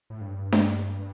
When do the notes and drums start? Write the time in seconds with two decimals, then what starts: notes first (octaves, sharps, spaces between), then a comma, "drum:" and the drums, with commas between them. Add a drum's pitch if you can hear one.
0.10 A2
0.21 G2
0.52 drum: snare D4